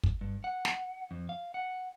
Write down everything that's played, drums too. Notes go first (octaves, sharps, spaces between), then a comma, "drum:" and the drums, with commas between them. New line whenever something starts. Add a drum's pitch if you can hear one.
drum: kick
G2
F#5
drum: snare
F2
F5
F#5